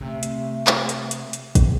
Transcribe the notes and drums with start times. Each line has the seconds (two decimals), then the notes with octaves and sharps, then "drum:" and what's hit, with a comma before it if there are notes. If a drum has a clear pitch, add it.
0.01 C3 A3
0.23 drum: hi-hat
0.67 drum: clap
0.89 drum: hi-hat
1.11 drum: hi-hat
1.33 drum: hi-hat
1.55 drum: kick, hi-hat